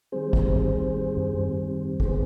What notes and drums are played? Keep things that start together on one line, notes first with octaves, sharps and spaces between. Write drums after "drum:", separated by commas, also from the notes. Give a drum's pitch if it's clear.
D#3 G3 C4 G#4 C5
drum: kick
D#3 G3 C4
drum: tom F#2
D#3 G3 C4
D#3 B3 G#4 C5, drum: kick